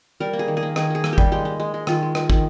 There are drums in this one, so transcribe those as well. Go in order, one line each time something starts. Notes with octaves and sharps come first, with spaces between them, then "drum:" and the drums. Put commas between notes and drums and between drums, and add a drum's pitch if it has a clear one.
G3 A#4
A#3
G#4
D#3
G#4
A#3
D#3 G#4, drum: rim click
A#3 G#4
A#3, drum: rim click
G4
G3, drum: kick
G#3 G4
G#3
G#3
G#3
D#3 F4, drum: rim click
G#3
D#3, drum: rim click
D#3, drum: kick